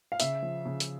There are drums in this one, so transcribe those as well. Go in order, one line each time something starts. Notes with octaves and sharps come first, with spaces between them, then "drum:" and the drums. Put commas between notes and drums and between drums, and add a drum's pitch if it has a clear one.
F5
C#3 E5, drum: hi-hat
F3
C#3
drum: hi-hat